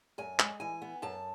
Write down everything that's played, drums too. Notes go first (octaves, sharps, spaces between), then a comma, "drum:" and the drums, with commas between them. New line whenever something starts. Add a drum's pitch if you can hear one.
F#2 G#5
G#3, drum: clap
E3 G#5
B3
F#2 A5